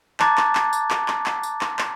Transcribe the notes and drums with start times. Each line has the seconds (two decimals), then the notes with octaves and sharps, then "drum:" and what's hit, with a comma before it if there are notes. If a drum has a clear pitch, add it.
0.20 A5 A#5 D6 F#6 G#6 A6, drum: clap
0.37 drum: clap
0.55 drum: clap
0.73 drum: tambourine
0.90 drum: clap
1.08 drum: clap
1.26 drum: clap
1.43 drum: tambourine
1.61 drum: clap
1.79 drum: clap